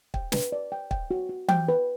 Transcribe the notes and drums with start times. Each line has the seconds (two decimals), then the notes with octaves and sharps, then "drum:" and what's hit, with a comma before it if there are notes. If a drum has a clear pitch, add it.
0.14 G5, drum: kick
0.32 B4, drum: snare
0.52 D5
0.72 G5
0.91 G5, drum: kick
1.11 F#4
1.29 F#4
1.49 G5, drum: tom E3
1.68 B4